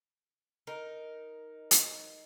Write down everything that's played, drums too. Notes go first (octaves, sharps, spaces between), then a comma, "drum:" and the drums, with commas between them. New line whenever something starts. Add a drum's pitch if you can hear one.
D#4 A#4
drum: hi-hat